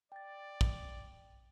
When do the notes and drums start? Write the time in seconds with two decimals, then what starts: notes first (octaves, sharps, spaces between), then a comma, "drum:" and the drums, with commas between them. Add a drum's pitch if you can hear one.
0.12 D5 G5 A6
0.61 drum: kick